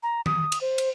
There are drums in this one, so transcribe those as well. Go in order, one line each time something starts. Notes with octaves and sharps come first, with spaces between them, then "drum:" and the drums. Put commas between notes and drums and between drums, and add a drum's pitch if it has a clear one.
A#5
D#6, drum: tom
drum: cymbal
C5
drum: cymbal